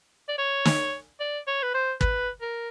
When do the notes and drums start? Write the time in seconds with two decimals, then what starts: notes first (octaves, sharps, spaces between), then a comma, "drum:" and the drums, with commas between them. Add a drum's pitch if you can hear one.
0.29 D5
0.38 C#5
0.65 drum: snare
1.20 D5
1.47 C#5
1.63 B4
1.74 C5
2.01 B4, drum: kick
2.41 A#4